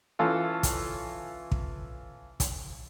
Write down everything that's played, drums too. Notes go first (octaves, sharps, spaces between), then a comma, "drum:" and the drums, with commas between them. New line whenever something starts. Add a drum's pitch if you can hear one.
E3 C#4 F4 A4
drum: kick, hi-hat
drum: kick
drum: kick, hi-hat